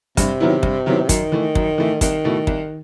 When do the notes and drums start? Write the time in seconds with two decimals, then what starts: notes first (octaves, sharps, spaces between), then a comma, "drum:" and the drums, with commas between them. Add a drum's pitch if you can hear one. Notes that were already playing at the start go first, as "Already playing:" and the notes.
0.17 G2 C3, drum: kick, hi-hat
0.40 D#3 F#3 B3 E4
0.63 G2, drum: kick
0.86 D#3 F#3 B3 E4
1.09 F#2 D#3, drum: kick, hi-hat
1.32 E3 A3
1.55 F#2, drum: kick
1.78 E3 A3
2.01 C2 D#3, drum: kick, hi-hat
2.24 B2 A3 E4
2.47 C2, drum: kick